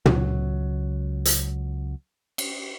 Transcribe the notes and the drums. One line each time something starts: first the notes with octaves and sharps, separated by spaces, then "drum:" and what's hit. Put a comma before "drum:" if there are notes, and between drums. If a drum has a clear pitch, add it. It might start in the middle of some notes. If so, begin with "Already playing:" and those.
C#2 F#3, drum: tom
drum: hi-hat
drum: cymbal